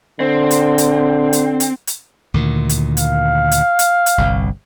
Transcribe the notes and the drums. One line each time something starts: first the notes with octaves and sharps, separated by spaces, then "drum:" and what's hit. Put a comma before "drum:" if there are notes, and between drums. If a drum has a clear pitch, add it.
D3 C4
drum: hi-hat
drum: hi-hat
drum: hi-hat
drum: hi-hat
drum: hi-hat
D2 A#2 D#3
drum: hi-hat
F5, drum: hi-hat
drum: hi-hat
drum: hi-hat
drum: hi-hat
G1 C2